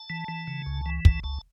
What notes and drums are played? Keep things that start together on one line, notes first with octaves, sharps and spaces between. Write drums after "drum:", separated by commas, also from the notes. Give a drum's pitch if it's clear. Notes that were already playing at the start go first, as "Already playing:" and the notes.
Already playing: A5
E3
E3
C#3
C#2
E3
C#2 A5, drum: kick
C#2 A5